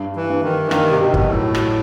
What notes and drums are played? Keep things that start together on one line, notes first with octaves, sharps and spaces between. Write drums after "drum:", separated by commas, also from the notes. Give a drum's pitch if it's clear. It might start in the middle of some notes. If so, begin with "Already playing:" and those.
Already playing: G2
E3
G2
D#3
E3
G2 D#3, drum: rim click
C3
B2
B2 F#3, drum: kick
A2
F#3, drum: rim click